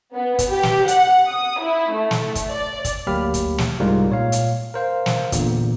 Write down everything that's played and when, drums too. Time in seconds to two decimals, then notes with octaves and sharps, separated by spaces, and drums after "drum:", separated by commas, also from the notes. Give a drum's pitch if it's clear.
0.15 B3
0.39 drum: kick, hi-hat
0.51 G4
0.63 drum: snare
0.88 F#5, drum: hi-hat
1.29 D#6
1.61 E4
1.93 A3
2.11 drum: snare
2.35 drum: kick, hi-hat
2.51 D5
2.85 drum: kick, hi-hat
3.07 D2 F#3 A#3 G4 B5 F6
3.34 drum: kick, hi-hat
3.58 drum: snare
3.79 C2 G#2 G3 G#3 F4 A#4
4.10 A#2 C#5 F5
4.32 drum: hi-hat
4.74 A#4 C5 F5
5.06 drum: snare
5.32 E2 A#2 D3, drum: kick, hi-hat